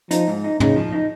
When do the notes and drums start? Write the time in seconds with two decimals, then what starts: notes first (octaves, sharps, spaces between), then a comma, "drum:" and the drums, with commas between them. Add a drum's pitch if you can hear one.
0.11 F3 D#4, drum: hi-hat
0.28 G#2
0.44 D#4
0.60 C#3 D#4, drum: tom
0.76 F3
0.92 D#4